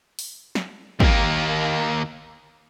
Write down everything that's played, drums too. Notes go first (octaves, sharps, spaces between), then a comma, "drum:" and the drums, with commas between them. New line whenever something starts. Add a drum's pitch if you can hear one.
drum: open hi-hat
drum: snare
D#2 A#3, drum: kick